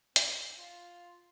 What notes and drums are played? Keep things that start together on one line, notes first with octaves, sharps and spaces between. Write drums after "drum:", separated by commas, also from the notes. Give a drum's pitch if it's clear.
C4, drum: hi-hat
F4